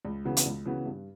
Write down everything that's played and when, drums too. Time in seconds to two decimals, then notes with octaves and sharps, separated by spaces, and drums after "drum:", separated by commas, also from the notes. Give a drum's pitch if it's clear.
0.05 C#2
0.25 C#3 E3 B3 F#4
0.37 drum: hi-hat
0.46 C#2
0.66 C#3 E3 B3 F#4
0.86 G2